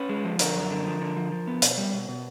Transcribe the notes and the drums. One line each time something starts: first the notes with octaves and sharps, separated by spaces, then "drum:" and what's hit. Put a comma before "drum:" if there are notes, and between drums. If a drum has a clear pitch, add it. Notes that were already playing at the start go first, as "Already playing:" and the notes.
Already playing: C#4 B4
G#3
F3
D3 A#4, drum: hi-hat
F#2
D3
F3
D3
F3
F3
B3
B2, drum: hi-hat
G3
B2
B2